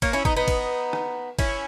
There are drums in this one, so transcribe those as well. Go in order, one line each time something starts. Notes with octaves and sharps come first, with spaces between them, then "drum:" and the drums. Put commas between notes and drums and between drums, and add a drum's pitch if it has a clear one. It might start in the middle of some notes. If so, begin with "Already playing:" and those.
A#3 C#4, drum: kick, cymbal
C#4 E4
B3 D#4, drum: kick
B3 D#4
drum: kick, cymbal
drum: rim click
C#4 E4, drum: kick, cymbal